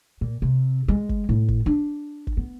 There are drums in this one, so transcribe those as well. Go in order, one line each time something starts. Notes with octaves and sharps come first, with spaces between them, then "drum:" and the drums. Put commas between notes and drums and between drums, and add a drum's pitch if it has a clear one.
A#2
C3
G#3
drum: kick G1
A2
drum: kick G1
D4
drum: kick G1
B3